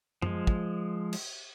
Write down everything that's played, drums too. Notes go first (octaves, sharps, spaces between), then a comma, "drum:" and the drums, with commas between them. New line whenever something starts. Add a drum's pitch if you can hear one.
F3 G#3, drum: tom F#2
drum: kick
drum: cymbal